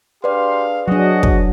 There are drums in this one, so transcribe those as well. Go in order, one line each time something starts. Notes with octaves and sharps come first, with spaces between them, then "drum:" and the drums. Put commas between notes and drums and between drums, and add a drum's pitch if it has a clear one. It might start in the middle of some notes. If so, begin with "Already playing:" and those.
D4 G4 G#4 B4 D5 F5 C6
F#3 D4 F#4 G#4 D#5
drum: kick